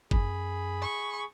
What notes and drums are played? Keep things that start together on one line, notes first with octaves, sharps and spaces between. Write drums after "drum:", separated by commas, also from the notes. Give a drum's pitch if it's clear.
F#2 G#4 B5, drum: kick
C#6